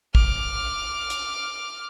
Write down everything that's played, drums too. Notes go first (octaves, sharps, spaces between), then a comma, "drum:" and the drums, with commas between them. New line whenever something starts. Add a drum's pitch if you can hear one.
D6 F6, drum: kick
drum: hi-hat